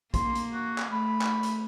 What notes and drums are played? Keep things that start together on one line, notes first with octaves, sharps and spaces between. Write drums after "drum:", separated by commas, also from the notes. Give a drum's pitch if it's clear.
A#3 C6, drum: kick A#1, hi-hat
drum: hi-hat
F#4
drum: clap
A3 B5
drum: clap
drum: hi-hat